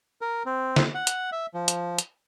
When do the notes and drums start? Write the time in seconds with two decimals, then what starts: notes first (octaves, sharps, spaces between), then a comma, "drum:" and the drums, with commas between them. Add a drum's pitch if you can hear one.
0.21 A#4
0.46 C4
0.76 drum: snare
0.95 F#5
1.07 drum: hi-hat
1.32 E5
1.54 F3
1.68 drum: hi-hat
1.98 drum: hi-hat